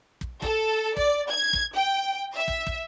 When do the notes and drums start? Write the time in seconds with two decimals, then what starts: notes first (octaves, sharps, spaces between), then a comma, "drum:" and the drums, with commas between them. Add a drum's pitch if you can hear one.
0.21 drum: kick
0.42 A4, drum: kick
0.97 D5, drum: kick
1.31 G#6
1.53 drum: kick
1.75 G5
2.36 E5
2.48 drum: kick
2.67 drum: kick